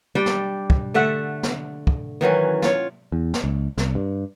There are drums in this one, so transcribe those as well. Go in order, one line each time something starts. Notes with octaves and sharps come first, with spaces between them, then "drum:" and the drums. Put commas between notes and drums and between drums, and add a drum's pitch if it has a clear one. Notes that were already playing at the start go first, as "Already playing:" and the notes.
G3 D4 G5
drum: snare
drum: kick
D3 A3 E5 F#5
drum: snare
drum: kick
D#3 E3 F#3 C#4
F4 C#5, drum: snare
E2
drum: snare
C#2
C2, drum: snare
G2